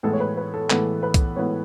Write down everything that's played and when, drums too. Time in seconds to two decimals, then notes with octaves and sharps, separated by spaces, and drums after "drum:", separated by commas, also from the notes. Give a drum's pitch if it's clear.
0.03 A2 E3 G#3 B3 A4
0.13 C#5
0.20 B4
0.37 B4
0.54 A4
0.70 A2 E3 G#3 B3 A4, drum: clap
1.03 B4
1.14 drum: kick B1, hi-hat
1.36 A2 E3 G#3 B3 C#5